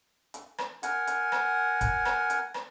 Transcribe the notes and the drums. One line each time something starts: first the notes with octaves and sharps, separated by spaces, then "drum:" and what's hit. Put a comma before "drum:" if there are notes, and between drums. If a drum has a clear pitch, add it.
drum: hi-hat
drum: rim click
A#4 F#5 G#5, drum: hi-hat
drum: hi-hat
drum: rim click
drum: kick, hi-hat
drum: rim click
drum: hi-hat
drum: rim click